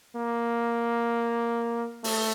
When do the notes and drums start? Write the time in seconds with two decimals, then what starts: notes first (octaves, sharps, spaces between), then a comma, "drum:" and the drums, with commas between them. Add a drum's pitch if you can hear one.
0.16 A#3
2.04 A3, drum: open hi-hat